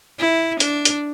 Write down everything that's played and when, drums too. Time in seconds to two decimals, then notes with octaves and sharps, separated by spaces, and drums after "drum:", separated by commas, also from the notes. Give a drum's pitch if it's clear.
0.19 E4
0.60 D4, drum: hi-hat
0.85 drum: hi-hat